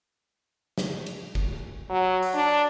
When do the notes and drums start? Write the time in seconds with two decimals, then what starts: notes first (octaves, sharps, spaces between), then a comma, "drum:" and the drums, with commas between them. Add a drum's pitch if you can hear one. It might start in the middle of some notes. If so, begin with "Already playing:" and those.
0.78 drum: snare
1.06 drum: cymbal
1.35 drum: kick
1.90 F#3
2.23 drum: open hi-hat
2.34 D4